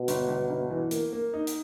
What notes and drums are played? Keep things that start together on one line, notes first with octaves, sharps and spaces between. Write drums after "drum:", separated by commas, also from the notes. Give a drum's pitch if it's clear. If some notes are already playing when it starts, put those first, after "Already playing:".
Already playing: B2
G1, drum: hi-hat
G1
G1
E3
A#3, drum: hi-hat
A#3
D#4
drum: hi-hat